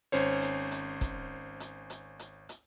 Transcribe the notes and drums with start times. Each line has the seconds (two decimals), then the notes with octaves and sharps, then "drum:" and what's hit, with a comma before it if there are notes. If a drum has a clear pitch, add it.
0.12 G#1 C#4 C5 C#5, drum: hi-hat
0.42 drum: hi-hat
0.71 drum: hi-hat
1.01 drum: kick, hi-hat
1.60 drum: hi-hat
1.90 drum: hi-hat
2.19 drum: hi-hat
2.49 drum: hi-hat